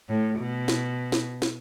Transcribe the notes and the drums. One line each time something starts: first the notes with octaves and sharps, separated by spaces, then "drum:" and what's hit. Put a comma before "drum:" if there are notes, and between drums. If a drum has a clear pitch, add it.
A2
B2
drum: snare
drum: snare
drum: snare